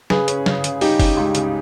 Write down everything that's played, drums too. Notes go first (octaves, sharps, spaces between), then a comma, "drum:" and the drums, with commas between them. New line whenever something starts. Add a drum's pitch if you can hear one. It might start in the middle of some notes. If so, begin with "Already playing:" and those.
C#3 G#4 B4, drum: snare
C#4, drum: hi-hat
C#3, drum: snare
C#3, drum: hi-hat
G3 D#4 G4, drum: open hi-hat
C#4, drum: kick, open hi-hat
C#2
C#3, drum: hi-hat